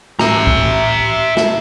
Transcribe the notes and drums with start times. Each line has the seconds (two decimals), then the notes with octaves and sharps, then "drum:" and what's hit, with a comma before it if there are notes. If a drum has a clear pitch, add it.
0.19 E5 A#5, drum: snare
0.47 drum: kick
1.37 drum: snare